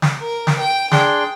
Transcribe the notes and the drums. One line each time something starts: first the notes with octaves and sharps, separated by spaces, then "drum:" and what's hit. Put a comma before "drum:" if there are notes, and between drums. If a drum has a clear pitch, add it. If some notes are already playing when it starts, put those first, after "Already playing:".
drum: snare
A#4
drum: snare
G5
D4 G#4 G5 C6, drum: snare